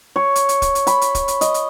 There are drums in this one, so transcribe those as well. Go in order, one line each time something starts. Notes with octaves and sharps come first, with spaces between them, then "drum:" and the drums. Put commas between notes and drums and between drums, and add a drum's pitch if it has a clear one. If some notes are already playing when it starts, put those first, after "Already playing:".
C#5
drum: hi-hat
drum: hi-hat
drum: kick, hi-hat
drum: hi-hat
B5, drum: hi-hat
drum: hi-hat
drum: kick, hi-hat
drum: hi-hat
D#5, drum: hi-hat
drum: hi-hat